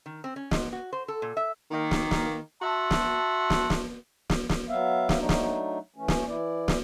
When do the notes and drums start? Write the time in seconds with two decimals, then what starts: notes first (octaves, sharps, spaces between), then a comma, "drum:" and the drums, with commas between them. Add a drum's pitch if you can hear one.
0.06 D#3
0.24 C4
0.36 C#4
0.51 G#2, drum: snare
0.73 F#4
0.93 C5
1.08 A4
1.22 A#2
1.37 E5
1.71 D#3 A#3
1.91 drum: snare
2.11 drum: snare
2.62 F#4 E5 A5 C6
2.91 drum: snare
3.50 drum: snare
3.70 drum: snare
4.30 drum: snare
4.49 drum: snare
4.68 F#3 B3 E5 F5
5.09 drum: snare
5.18 F#3 A3 D4 D#4
5.29 drum: snare
5.96 E3 A3 C#4
6.08 drum: snare
6.27 E3 E4 D5
6.68 drum: snare